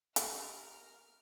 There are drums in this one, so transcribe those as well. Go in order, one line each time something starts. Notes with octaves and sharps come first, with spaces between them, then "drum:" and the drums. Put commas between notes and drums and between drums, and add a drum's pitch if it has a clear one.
A#3 B3 G4 A#4 F6, drum: hi-hat